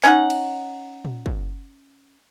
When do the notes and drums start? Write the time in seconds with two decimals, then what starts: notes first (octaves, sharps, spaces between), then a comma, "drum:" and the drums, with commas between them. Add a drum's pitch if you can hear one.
0.04 C#4 D#4 F#5, drum: clap
0.30 drum: cymbal
1.05 drum: tom A#2
1.26 drum: kick